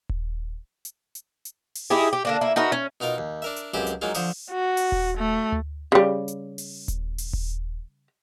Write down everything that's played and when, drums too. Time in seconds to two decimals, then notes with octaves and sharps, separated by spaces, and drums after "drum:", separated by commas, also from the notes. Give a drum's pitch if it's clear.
0.09 drum: kick D#1
0.85 drum: hi-hat
1.15 drum: hi-hat
1.45 drum: hi-hat
1.75 drum: open hi-hat
1.90 D#4 E4 G4 G#4
2.13 G4
2.25 D3 A#3 D4
2.41 A#3 E4
2.56 D#4 F#4 A#4 B4
2.72 C#4
3.01 B2 D#4 F4 A#4
3.18 D#2
3.42 D4 A#4 E5
3.56 drum: hi-hat
3.74 C#2 F#2 C4 G4 C5 B5
3.86 drum: hi-hat
4.02 F#3 G#3 A#3 D#4 F4
4.14 D3 F3 C5 C#6 D#6, drum: open hi-hat
4.51 F#4
4.77 drum: open hi-hat
4.92 drum: kick D#1
5.17 A3
5.52 drum: tom D2
5.92 C#3 G3
6.28 drum: hi-hat
6.58 drum: open hi-hat
6.88 drum: kick D#1, hi-hat
7.18 drum: open hi-hat
7.33 drum: kick D#1